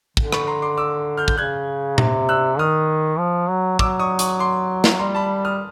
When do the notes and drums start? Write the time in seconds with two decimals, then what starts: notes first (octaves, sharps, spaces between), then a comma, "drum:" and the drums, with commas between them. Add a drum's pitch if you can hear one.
0.17 D3, drum: kick
0.32 B5 C#6, drum: rim click
0.47 A#5 C6
0.62 C6 D6
0.77 D6 E6
1.17 F6 G6
1.28 G6, drum: kick
1.38 C#3 F#6 G#6
1.98 C3, drum: tom A#2
2.29 E6 F#6
2.59 D#3 D#6 F6
3.19 F3
3.50 F#3
3.79 F#3 D6 E6, drum: kick
4.00 C#6 D#6
4.19 C#6 D#6, drum: hi-hat
4.39 C6 D6
4.84 drum: snare
4.99 G3 A#5 C6
5.15 A5 B5
5.45 D#6 F6